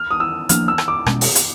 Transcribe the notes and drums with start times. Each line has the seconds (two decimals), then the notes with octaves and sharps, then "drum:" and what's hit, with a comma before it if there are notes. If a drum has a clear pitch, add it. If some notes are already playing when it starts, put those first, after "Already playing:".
Already playing: F6
0.11 D#6
0.20 E6
0.49 F3 A#3 D4 F6, drum: hi-hat
0.68 E6
0.78 drum: rim click
0.88 D6
1.06 B2 G#3 C#4, drum: rim click
1.21 drum: open hi-hat
1.35 drum: hi-hat